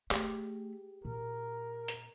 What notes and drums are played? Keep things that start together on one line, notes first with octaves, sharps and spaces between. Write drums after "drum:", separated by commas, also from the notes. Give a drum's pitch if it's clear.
A3 G4 G#4, drum: clap
A#2 A#4
drum: hi-hat